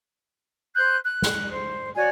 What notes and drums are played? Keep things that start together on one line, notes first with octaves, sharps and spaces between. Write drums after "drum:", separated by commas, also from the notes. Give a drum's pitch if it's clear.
C5 F#6 G6
F#6
drum: snare
C5
F#4 C#5 D5 G#5